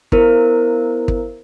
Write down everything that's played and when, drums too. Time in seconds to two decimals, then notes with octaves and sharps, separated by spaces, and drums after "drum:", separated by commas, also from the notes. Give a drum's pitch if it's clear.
0.12 B3 E4 A#4 C5, drum: kick
1.08 drum: kick